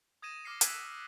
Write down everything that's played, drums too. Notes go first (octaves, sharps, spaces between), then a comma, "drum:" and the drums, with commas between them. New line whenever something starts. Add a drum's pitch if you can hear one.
D#6 G#6 A#6 D#7 E7
D6 F6 A#6 C7 C#7
E6 F#6 G#6 B6 D7 D#7, drum: hi-hat